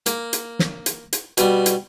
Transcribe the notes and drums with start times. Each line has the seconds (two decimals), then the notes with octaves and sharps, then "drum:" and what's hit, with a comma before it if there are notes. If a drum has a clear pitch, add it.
0.06 A#3, drum: hi-hat
0.33 drum: hi-hat
0.59 drum: snare
0.86 drum: hi-hat
1.13 drum: hi-hat
1.37 B2 G3, drum: hi-hat
1.66 drum: hi-hat